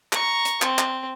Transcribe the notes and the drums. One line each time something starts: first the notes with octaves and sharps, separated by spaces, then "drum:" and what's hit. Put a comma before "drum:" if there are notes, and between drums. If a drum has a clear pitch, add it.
A#5 C#6, drum: clap
drum: hi-hat
C4, drum: clap
drum: clap